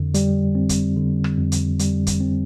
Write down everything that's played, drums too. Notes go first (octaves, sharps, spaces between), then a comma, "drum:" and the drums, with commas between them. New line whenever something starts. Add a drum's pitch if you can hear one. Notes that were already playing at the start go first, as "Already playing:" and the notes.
Already playing: F2 D3
G3, drum: hi-hat
C4
drum: kick, hi-hat
D3
drum: rim click
F2
drum: hi-hat
G3, drum: hi-hat
drum: kick, hi-hat
C4